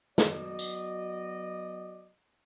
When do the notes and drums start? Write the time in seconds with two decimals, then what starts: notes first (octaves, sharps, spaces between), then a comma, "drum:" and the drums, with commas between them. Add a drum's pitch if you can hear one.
0.18 F#3 B3 F#4 D5 D#5, drum: snare
0.59 drum: tambourine